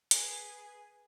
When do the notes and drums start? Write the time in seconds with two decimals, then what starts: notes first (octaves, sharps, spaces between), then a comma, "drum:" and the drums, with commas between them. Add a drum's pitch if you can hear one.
0.11 G#4 B4, drum: hi-hat